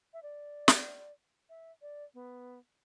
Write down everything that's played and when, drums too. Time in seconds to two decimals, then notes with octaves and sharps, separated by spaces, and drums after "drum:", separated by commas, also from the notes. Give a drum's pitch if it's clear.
0.14 E5
0.23 D5
0.68 drum: snare
1.50 E5
1.82 D5
2.14 B3